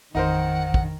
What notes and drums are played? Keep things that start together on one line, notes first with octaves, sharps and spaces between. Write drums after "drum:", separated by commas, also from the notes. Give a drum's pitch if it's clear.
A1 F2 D#3 D#4 A#4 C5 F#5
drum: kick